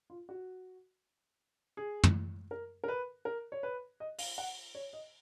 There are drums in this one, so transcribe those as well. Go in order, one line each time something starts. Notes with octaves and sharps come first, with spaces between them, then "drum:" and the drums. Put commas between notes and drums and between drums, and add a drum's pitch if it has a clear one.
F4
F#4
G#4
drum: tom
A#4
A#4
B4
A#4
C#5
B4
D#5
F5, drum: open hi-hat
F#5
C#5
D#5